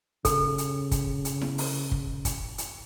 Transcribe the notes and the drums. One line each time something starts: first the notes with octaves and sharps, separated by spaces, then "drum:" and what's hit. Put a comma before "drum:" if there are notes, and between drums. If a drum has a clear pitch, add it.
C#3 A4, drum: kick, hi-hat
drum: hi-hat
drum: kick, hi-hat
drum: hi-hat
drum: snare E4
drum: open hi-hat
drum: kick
drum: kick, hi-hat
drum: hi-hat